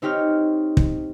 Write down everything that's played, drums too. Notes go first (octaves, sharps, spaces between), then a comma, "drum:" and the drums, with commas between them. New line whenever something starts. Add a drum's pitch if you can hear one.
C4 D#4 G4 C#5 F6
drum: kick